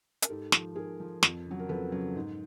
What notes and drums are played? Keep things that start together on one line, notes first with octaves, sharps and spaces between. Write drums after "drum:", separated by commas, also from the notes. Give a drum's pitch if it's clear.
A#4, drum: hi-hat
G#2 G4 A4
F3, drum: snare
G#2 G#4 A#4
F3
F2, drum: snare
C#3 F#3
A#4
F2 A4 B4
C#3 F#3
G#2